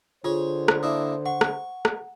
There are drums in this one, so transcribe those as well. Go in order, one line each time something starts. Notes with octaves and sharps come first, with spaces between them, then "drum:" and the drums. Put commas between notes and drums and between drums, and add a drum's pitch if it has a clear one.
D3 F4 G#4 C5 C#5
drum: rim click
A#3 D4 E4 D#6
F#5 C#6
drum: rim click
drum: rim click